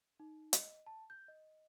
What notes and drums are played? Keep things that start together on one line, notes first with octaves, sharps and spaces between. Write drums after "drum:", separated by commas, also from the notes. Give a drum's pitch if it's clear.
D#4
D#5, drum: hi-hat
A5
G6
D#5